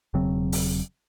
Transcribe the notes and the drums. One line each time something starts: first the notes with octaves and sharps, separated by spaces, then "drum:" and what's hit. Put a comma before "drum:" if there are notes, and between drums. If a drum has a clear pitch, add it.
E1 C#3 F#3 C4
drum: open hi-hat